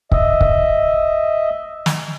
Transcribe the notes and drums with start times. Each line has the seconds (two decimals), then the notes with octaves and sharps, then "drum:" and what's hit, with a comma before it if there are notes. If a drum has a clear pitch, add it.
0.12 D#5 E5, drum: kick
0.41 drum: kick
1.86 drum: snare